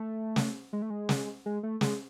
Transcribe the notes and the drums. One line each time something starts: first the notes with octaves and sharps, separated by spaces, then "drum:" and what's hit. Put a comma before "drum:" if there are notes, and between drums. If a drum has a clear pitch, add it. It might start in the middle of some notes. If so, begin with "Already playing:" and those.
Already playing: A3
drum: snare
G#3
A3
G#3
drum: snare
G#3
A3
G#3, drum: snare